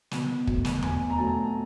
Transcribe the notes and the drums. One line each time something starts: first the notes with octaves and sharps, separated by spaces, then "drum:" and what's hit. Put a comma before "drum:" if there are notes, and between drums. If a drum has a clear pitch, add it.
B2, drum: snare
F#3 A3, drum: kick
drum: snare
B2 G#5, drum: tom E2
A#5
F#3 A3 A5